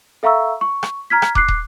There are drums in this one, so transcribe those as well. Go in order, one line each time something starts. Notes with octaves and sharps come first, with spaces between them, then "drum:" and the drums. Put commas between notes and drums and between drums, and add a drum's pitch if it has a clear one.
A4 E5 F5 A#5 C#6 E6
C#6
drum: rim click
A#5 F6 G#6 B6
drum: rim click
D6 F#6 C7, drum: kick
drum: kick